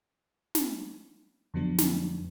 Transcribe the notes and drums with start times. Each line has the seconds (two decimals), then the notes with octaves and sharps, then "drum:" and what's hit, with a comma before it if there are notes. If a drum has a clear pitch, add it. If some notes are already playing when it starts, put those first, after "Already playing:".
0.55 drum: snare
1.54 F2 D3 F3 F#3 B3 D4
1.78 drum: snare